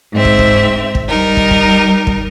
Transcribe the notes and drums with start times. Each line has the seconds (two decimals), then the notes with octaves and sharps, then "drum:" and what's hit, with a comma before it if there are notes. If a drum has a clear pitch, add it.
0.14 G#2 C4 E5
0.25 drum: kick
0.39 drum: kick
0.95 drum: kick
1.09 G3 D#4 A#4
1.37 drum: kick
1.51 drum: kick
2.07 drum: kick